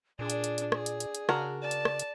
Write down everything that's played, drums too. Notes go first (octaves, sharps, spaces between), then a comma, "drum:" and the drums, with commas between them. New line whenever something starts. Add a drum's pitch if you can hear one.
A#2 D4 G#4 D5
drum: hi-hat
drum: hi-hat
drum: hi-hat
G#4, drum: rim click
drum: hi-hat
drum: hi-hat
drum: hi-hat
C#3 D4 F#4 A#4, drum: rim click
D5 A5
drum: hi-hat
drum: rim click
drum: hi-hat